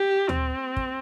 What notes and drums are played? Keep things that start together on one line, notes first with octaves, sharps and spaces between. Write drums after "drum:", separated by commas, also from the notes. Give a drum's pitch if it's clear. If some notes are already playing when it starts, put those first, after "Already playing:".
Already playing: G4
C4, drum: tom D2
drum: kick